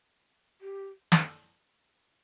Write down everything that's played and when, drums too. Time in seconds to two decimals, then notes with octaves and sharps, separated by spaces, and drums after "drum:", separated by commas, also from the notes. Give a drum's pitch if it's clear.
0.61 G4
1.12 drum: snare